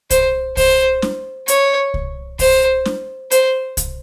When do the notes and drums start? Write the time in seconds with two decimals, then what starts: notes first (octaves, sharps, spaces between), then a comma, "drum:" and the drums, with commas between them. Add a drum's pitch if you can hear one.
0.10 C5, drum: kick C2, hi-hat
0.57 C5, drum: kick C2, open hi-hat
1.02 drum: snare
1.48 C#5, drum: hi-hat
1.94 drum: kick C2
2.39 C5, drum: kick C2, open hi-hat
2.85 drum: snare
3.31 C5, drum: hi-hat
3.77 drum: kick C2, hi-hat